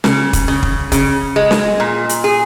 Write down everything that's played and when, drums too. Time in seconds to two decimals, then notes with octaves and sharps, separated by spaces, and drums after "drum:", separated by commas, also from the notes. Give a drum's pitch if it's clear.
0.04 C#3, drum: snare
0.33 drum: kick, hi-hat
0.48 C#3
0.63 drum: kick
0.92 C#3, drum: kick, hi-hat
1.36 G#3
1.51 drum: snare
1.80 A#2
2.09 drum: hi-hat
2.24 G#4